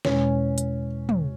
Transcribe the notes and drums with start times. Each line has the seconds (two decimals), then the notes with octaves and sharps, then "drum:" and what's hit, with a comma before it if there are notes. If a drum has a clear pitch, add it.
0.05 E2 B2 G#3 C#4, drum: snare
0.58 drum: hi-hat
1.09 drum: tom